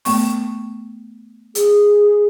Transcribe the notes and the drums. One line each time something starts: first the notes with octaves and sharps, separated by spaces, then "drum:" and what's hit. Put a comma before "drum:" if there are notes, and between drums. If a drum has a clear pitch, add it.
A3 B3 C#6, drum: open hi-hat
G#4, drum: hi-hat